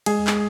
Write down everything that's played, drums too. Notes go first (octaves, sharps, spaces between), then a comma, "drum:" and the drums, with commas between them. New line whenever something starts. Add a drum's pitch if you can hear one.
G#3 G#4, drum: cymbal
drum: clap